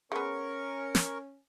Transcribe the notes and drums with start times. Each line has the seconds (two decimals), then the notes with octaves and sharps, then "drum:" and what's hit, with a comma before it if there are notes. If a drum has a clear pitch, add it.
0.12 G#3 B3 C#4 A#4 C#6
0.95 drum: snare